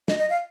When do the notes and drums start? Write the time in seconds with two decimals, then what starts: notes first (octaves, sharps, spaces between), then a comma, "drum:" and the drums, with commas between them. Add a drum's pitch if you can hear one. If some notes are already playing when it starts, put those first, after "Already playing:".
0.08 D#5, drum: snare
0.19 D#5
0.30 F5